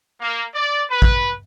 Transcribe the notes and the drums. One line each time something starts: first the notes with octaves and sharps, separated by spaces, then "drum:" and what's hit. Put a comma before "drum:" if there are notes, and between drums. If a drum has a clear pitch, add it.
A#3
D5
B4
drum: kick A1